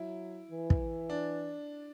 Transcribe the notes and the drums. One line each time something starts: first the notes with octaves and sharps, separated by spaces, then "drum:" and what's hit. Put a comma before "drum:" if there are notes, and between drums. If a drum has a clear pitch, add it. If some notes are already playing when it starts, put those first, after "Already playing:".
Already playing: F#3 E4
E3
drum: kick
D4